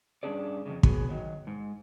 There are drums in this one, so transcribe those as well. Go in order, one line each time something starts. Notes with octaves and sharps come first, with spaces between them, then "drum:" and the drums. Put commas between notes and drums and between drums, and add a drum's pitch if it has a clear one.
G2 A3 C#4 D4 G#4 D5
F2 G#2 C#3
B3 F#4 G#4, drum: kick
D#3 F#3
G#2